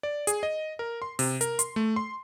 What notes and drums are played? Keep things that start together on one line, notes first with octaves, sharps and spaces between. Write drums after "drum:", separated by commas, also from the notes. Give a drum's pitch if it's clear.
D5
G#4, drum: hi-hat
D#5
A#4
C6
C3, drum: open hi-hat
A#4, drum: hi-hat
C6, drum: hi-hat
A3
C6